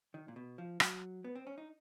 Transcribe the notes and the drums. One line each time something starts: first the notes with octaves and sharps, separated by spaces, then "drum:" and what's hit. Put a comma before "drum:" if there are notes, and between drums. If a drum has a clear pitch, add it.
D#3
A#2
B2
F3
F#3, drum: rim click
B3
C4
C#4
D#4